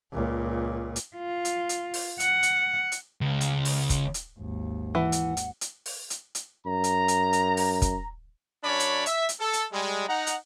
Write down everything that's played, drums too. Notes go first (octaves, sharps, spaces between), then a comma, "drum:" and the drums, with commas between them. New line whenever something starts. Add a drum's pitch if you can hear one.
C#2 A#2
drum: hi-hat
F4
drum: hi-hat
drum: hi-hat
drum: open hi-hat
F#5, drum: hi-hat
drum: hi-hat
drum: hi-hat
C#2
drum: hi-hat
drum: open hi-hat
drum: kick, hi-hat
drum: hi-hat
G#1 D#2
E3 F#5
drum: hi-hat
drum: hi-hat
drum: hi-hat
drum: open hi-hat
drum: hi-hat
drum: hi-hat
F#2 A#5
drum: hi-hat
drum: hi-hat
drum: hi-hat
drum: open hi-hat
drum: kick, hi-hat
F#2 C#4 D4 C#5 D5 B5
drum: hi-hat
E5, drum: hi-hat
drum: hi-hat
A4
drum: hi-hat
G3 G#3
D#4 F#5 A#5
drum: hi-hat